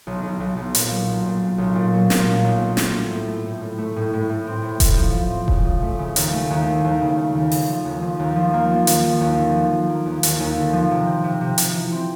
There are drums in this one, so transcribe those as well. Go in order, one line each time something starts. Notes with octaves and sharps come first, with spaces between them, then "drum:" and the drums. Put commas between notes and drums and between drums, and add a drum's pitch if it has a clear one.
B1
B1
B1
B1
A#2, drum: hi-hat
F#3
B1
A#2
A#2
B1
A#2
F#3
A#2, drum: snare
B1
B1
A#2
C4, drum: snare
A3
A2
A3
A2
A2
A3
A2
A2
A2
C4
A2
A2, drum: kick E1, hi-hat
F3
F3
C4
C#3, drum: kick E1
F3
A3
C#3
D#2, drum: hi-hat
A3
D#2
A3
D#2
C#3
A3
D#2
C#3, drum: open hi-hat
F3
D#2
F3
D#2
F3
A#3
F3
D#2, drum: hi-hat
F3
D#2
D3
F3
F3
A#3
D#2
D#2, drum: hi-hat
D#2
D3
F3
C3
C4
C3
C3
C3, drum: hi-hat
E3
C4